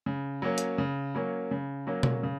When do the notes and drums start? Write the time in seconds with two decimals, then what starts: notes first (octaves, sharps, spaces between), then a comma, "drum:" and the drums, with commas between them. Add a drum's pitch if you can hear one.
0.06 C#3
0.42 F#3 A#3 C#4
0.58 drum: hi-hat
0.78 C#3
1.15 F#3 A#3 C#4
1.51 C#3
1.87 F#3 A#3 C#4
2.03 drum: tom B2
2.23 C#3